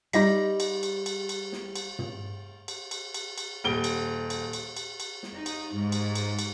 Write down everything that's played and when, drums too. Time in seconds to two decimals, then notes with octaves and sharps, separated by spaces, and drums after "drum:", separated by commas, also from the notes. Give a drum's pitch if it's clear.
0.13 G3 D#4 D#5 A#6, drum: cymbal
0.60 drum: cymbal
0.83 drum: cymbal
1.06 drum: cymbal
1.29 drum: cymbal
1.52 drum: snare
1.76 drum: cymbal
1.99 drum: tom
2.68 drum: cymbal
2.91 drum: cymbal
3.14 drum: cymbal
3.38 drum: cymbal
3.64 D#1 D7 G7
3.84 drum: cymbal
4.30 drum: cymbal
4.53 drum: cymbal
4.77 drum: cymbal
5.00 drum: cymbal
5.23 drum: snare
5.33 D#4
5.46 drum: cymbal
5.72 G#2
5.92 drum: cymbal
6.15 drum: cymbal
6.39 drum: cymbal